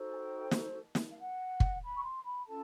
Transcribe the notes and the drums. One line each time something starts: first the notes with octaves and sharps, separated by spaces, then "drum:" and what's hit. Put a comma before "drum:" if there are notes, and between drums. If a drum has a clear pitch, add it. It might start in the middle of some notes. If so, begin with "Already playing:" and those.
Already playing: D#4 F#4 A4 C5
G#5
G5
drum: snare
drum: snare
F5
F#5
drum: kick
B5
C#6
C6
B5
A#5
C#4 F4 A4 A5